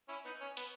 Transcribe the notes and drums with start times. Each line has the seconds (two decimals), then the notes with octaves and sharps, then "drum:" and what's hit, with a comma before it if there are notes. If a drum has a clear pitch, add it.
0.08 C#4 E4
0.25 B3 D#4
0.41 C#4
0.57 B3, drum: hi-hat